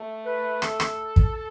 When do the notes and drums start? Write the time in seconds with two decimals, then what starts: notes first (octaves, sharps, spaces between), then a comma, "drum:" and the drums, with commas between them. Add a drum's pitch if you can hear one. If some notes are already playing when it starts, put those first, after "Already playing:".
Already playing: A3
0.25 B4
0.62 A4, drum: rim click
0.80 drum: rim click
1.16 drum: kick